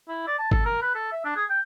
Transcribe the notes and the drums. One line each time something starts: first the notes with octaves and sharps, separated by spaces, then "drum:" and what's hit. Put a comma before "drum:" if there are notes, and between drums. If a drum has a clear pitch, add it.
E4
D5
A5
A4, drum: kick
A#4
B4
A4
E5
D4
G#4
G5